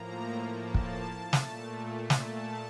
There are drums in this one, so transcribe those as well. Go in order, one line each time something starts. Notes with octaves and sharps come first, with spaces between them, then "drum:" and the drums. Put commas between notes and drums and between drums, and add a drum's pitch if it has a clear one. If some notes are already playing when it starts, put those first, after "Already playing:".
Already playing: A2 F3 A#3 A#5
A5
drum: kick
A#2 A3, drum: snare
A5, drum: snare